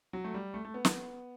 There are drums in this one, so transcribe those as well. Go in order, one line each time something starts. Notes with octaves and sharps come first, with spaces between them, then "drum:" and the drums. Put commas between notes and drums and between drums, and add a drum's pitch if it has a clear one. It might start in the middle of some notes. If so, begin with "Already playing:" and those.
F#3
A3
G3
A3
A3
B3
drum: snare